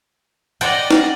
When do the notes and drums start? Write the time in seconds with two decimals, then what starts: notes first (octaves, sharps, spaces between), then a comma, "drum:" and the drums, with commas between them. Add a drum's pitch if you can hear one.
0.61 D5 D#5 F#5 G5 A5, drum: hi-hat
0.91 drum: snare D#4